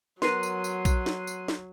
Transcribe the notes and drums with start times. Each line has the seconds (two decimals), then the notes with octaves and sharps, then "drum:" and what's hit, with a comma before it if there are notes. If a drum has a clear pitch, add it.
0.22 F#3 B3 A#4 C6 F#6 C7 D#7, drum: snare
0.43 drum: tambourine
0.64 drum: tambourine
0.85 drum: kick A#1, tambourine
1.06 drum: snare
1.27 drum: tambourine
1.48 drum: snare